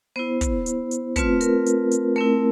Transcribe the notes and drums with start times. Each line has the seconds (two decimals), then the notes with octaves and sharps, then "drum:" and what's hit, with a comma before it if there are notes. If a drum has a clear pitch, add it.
0.16 B3 E4 C5
0.41 drum: kick, hi-hat
0.66 drum: hi-hat
0.91 drum: hi-hat
1.16 A3 C4 F4 B4, drum: kick, hi-hat
1.41 A#4, drum: hi-hat
1.66 drum: hi-hat
1.91 drum: hi-hat
2.16 A3 C4 E4 A#4